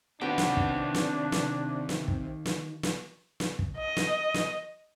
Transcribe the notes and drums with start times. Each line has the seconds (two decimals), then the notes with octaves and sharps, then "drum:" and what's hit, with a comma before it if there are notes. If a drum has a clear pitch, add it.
0.21 C3 D#3 B3 D4 F#4 G4
0.38 drum: snare
0.57 drum: kick
0.94 drum: snare
1.32 drum: snare
1.89 drum: snare
2.08 drum: kick
2.46 drum: snare
2.83 drum: snare
3.40 drum: snare
3.59 drum: kick
3.78 D#5
3.97 drum: snare
4.34 drum: snare